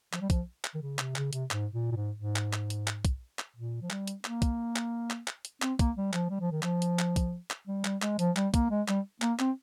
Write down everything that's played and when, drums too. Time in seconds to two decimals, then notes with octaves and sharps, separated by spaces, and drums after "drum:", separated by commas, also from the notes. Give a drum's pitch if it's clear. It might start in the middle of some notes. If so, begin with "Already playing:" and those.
0.13 F3, drum: clap
0.21 G3
0.30 F3, drum: kick, hi-hat
0.64 drum: clap
0.74 D#3
0.82 C#3
0.99 C3, drum: clap
1.16 C#3, drum: clap
1.33 C3, drum: hi-hat
1.51 G#2, drum: clap
1.73 A#2
1.92 A#2
1.96 G#2
2.19 G#2
2.36 drum: clap
2.53 drum: clap
2.70 drum: hi-hat
2.87 drum: clap
3.05 drum: kick, hi-hat
3.39 drum: clap
3.57 A#2
3.82 F3
3.90 G3, drum: clap
4.07 drum: hi-hat
4.25 A#3, drum: clap
4.42 drum: kick, hi-hat
4.76 drum: clap
5.10 drum: clap
5.28 drum: clap
5.45 drum: hi-hat
5.62 C4, drum: clap
5.79 A#3, drum: kick, hi-hat
5.97 G3
6.13 F3, drum: clap
6.30 G3
6.41 F3
6.51 D#3
6.63 F3, drum: clap
6.82 drum: hi-hat
6.99 drum: clap
7.16 drum: kick, hi-hat
7.51 drum: clap
7.68 G3
7.85 G3, drum: clap
8.02 G#3, drum: clap
8.19 F3, drum: hi-hat
8.36 G3, drum: clap
8.54 A#3, drum: kick, hi-hat
8.70 G#3
8.88 G3, drum: clap
9.22 A#3, drum: clap
9.39 C4, drum: clap